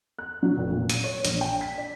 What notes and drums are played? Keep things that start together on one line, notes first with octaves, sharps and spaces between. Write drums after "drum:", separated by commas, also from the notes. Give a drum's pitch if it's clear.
F#6
F#3
F1
A#2
D#7, drum: hi-hat
C#5
A#1, drum: hi-hat
G5
B6
D5